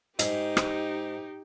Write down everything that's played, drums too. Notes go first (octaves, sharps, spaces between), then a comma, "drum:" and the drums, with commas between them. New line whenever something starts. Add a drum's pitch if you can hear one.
G#2 D#4 G4, drum: hi-hat
drum: rim click